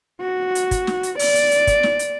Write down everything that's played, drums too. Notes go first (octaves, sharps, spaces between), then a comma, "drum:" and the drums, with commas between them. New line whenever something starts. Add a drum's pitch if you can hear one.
F#4
drum: hi-hat
drum: kick, hi-hat
drum: snare
drum: hi-hat
D5, drum: open hi-hat
drum: hi-hat
drum: hi-hat
drum: kick, hi-hat
drum: snare
drum: hi-hat